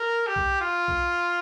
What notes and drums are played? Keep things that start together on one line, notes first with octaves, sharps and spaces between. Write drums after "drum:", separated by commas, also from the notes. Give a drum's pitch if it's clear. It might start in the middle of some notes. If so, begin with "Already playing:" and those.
Already playing: A#4
G4
drum: kick B1
F4
drum: kick B1